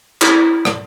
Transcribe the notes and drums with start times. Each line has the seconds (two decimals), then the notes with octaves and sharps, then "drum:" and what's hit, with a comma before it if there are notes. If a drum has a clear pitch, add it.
0.21 E4, drum: clap
0.65 drum: rim click